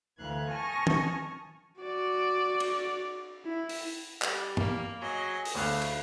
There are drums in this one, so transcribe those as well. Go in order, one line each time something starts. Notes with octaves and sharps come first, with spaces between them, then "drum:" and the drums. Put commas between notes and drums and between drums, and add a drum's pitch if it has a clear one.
D2 E3 F5 F#6 G#6
G#5 A5 C#6 D#6 F6 A#6
drum: tom
F#4 D5
drum: cymbal
E4
drum: open hi-hat
G3, drum: clap
A#3, drum: tom
F#3 G#4 D#5
drum: open hi-hat
D2 A2 A3 E5 F5 F#6
drum: cymbal